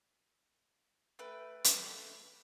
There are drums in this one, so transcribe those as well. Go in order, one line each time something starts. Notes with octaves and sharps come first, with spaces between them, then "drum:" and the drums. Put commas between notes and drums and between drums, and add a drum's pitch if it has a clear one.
A3 B4 G5
drum: hi-hat